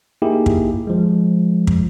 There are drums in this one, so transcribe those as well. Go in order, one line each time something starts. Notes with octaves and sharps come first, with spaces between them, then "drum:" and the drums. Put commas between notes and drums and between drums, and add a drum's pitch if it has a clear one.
A#3 D#4 E4 G4 G#4
drum: kick
F3 G#3
drum: kick